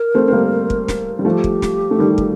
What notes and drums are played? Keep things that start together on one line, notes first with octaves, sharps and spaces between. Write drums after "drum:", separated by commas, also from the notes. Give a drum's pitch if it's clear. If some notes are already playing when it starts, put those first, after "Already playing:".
Already playing: A#4
A3 C4
C4
G3 A#3
drum: kick
drum: snare
G3
F3 A3 G4
drum: kick
drum: snare
A3
D#3 G3
drum: kick